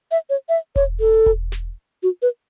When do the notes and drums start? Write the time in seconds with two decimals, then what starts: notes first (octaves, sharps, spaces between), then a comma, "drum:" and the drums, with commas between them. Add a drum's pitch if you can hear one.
0.11 E5
0.30 C#5
0.49 E5
0.76 C#5, drum: kick E1, hi-hat
1.00 A4
1.26 drum: kick E1, hi-hat
1.52 drum: snare
2.03 F#4
2.22 B4